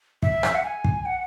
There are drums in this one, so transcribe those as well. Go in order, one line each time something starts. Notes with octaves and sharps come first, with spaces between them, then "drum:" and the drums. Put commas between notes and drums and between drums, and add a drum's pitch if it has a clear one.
E5, drum: kick
drum: rim click
F#5
G#5
drum: kick
F#5